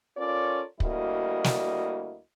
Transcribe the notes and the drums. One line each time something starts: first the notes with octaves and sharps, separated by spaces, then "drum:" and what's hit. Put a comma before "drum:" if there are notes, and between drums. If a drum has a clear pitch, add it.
C#4 F4 A4 A#4 C#5 D5
D2 G3 A#3 E4 F#4 D#5, drum: kick
drum: snare